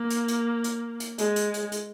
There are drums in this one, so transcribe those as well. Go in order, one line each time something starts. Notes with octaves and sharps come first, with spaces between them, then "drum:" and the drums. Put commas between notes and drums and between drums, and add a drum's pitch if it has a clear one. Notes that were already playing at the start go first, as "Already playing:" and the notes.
Already playing: A#3
drum: hi-hat
drum: hi-hat
drum: hi-hat
drum: hi-hat
G#3, drum: hi-hat
drum: hi-hat
drum: hi-hat
drum: hi-hat